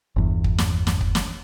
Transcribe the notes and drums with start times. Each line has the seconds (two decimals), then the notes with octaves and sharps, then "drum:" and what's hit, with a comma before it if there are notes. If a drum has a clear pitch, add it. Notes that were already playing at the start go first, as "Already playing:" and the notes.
0.16 G1 E2
0.44 drum: kick
0.58 drum: snare
0.87 drum: snare
1.01 drum: kick
1.15 drum: snare